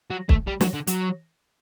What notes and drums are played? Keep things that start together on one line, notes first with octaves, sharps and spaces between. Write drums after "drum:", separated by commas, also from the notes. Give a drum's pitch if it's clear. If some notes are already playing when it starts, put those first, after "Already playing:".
F#3
A3, drum: kick
G3
F#3, drum: snare
D3
F#3, drum: hi-hat